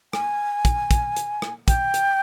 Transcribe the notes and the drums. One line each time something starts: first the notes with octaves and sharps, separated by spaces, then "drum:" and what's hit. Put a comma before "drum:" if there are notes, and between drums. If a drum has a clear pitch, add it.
G#5, drum: rim click
drum: kick, hi-hat
drum: kick, hi-hat
drum: hi-hat
drum: rim click
G5, drum: kick, hi-hat
drum: hi-hat